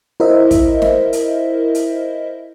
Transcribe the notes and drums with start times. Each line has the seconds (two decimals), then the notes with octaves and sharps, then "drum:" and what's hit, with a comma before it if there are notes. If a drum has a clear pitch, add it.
0.20 E4 A#4 C5 D#5 E5
0.51 drum: kick, hi-hat
0.82 drum: snare
1.13 drum: hi-hat
1.75 drum: hi-hat